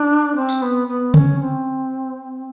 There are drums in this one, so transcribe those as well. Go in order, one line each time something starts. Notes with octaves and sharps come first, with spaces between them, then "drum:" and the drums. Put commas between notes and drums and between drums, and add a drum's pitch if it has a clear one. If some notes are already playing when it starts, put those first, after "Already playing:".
Already playing: D4
C4
drum: tambourine
B3
B3
C#4, drum: tom C#3
C4